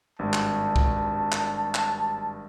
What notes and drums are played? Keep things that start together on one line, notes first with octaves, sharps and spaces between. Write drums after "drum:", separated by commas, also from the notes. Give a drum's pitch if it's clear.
G#1 G2 A5
drum: clap
drum: kick
drum: clap
drum: clap